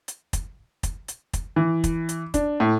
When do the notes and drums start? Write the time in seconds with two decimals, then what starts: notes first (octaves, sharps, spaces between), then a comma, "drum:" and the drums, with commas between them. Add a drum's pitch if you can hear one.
0.08 drum: hi-hat
0.33 drum: kick, hi-hat
0.83 drum: kick, hi-hat
1.08 drum: hi-hat
1.33 drum: kick, hi-hat
1.56 E3
1.84 drum: kick, hi-hat
2.09 drum: hi-hat
2.34 D4, drum: kick, hi-hat
2.60 A2